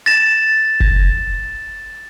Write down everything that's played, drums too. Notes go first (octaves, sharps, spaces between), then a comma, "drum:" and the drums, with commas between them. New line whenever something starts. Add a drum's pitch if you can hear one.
A6 A#6 E7
drum: kick